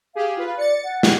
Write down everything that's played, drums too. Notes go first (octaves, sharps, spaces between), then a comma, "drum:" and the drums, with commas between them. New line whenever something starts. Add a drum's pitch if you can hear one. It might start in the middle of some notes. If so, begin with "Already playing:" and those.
G4 G#4 F5
F4 B4
D5 A6 C#7
F#5
G4, drum: snare